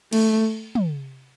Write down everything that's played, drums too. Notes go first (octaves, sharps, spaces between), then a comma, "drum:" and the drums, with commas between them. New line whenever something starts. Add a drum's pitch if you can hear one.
A3, drum: cymbal
drum: tom